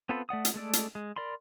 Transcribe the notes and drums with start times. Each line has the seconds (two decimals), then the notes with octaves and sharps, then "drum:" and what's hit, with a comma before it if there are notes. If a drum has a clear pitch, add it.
0.09 B3 C4 F4 A4 B4
0.29 A3 D5 F#5 D#6
0.45 drum: hi-hat
0.54 G#3 A3 A4 D5
0.73 drum: hi-hat
0.95 G#3
1.16 A#4 D5 B5 C6